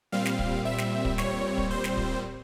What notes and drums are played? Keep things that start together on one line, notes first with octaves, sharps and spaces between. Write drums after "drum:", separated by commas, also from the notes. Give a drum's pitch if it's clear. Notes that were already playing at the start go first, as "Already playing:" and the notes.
A#2 G3 C4 F5
drum: snare
drum: kick
E5
drum: snare
drum: kick
C#5, drum: snare
drum: kick
C5
drum: snare
drum: kick